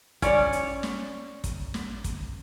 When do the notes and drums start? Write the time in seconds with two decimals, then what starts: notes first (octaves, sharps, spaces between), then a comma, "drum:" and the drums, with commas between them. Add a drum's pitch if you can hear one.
0.22 C#4 C#5 D5, drum: kick, hi-hat
0.53 drum: hi-hat
0.83 drum: snare
1.44 drum: kick, hi-hat
1.74 drum: snare
2.04 drum: kick, hi-hat